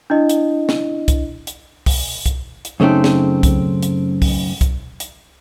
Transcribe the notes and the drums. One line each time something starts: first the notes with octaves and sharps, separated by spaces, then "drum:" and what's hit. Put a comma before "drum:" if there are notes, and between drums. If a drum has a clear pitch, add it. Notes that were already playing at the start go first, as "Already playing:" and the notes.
D4 E4 D#5
drum: hi-hat
drum: snare
drum: kick, hi-hat
drum: hi-hat
drum: kick, open hi-hat
drum: kick, hi-hat
drum: hi-hat
F#2 C#3 A3 C4 D#4
drum: snare
drum: kick, hi-hat
drum: hi-hat
drum: kick, open hi-hat
drum: kick, hi-hat
drum: hi-hat